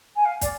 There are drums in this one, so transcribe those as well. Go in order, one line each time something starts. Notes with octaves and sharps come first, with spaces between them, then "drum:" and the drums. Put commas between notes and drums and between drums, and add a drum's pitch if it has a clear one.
G#5
F5
D5, drum: kick, hi-hat